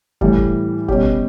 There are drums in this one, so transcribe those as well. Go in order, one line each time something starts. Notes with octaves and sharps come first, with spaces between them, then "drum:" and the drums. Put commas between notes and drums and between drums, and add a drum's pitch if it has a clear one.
A2 E3 G3, drum: kick
drum: kick
B2 G3 C#4 G4, drum: kick
drum: kick